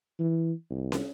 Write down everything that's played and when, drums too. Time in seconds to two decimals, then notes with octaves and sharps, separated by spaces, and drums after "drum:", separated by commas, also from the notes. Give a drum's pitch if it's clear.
0.19 E3
0.70 C2
0.92 drum: snare